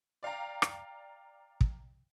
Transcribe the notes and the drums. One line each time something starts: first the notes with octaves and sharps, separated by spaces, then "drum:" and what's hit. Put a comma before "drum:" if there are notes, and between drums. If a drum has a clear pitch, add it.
D5 F5 G5 A#5
drum: rim click
drum: kick